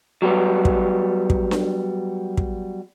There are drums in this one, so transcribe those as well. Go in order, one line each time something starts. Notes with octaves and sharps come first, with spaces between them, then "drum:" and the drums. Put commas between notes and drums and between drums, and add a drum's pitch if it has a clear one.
F#3 G3 B3
drum: kick
drum: kick
drum: snare D4
drum: kick